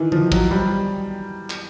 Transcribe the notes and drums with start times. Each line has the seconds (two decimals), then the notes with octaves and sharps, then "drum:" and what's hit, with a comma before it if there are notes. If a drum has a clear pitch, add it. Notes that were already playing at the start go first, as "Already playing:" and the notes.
Already playing: D#3 E3
0.12 F3, drum: tom D3
0.32 F#3, drum: kick
0.51 G3
1.50 drum: clap